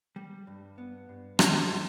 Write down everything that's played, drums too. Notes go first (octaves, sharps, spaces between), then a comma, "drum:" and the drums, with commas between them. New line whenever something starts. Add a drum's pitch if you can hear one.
G3
G2
B3
G2
F4, drum: rim click
E3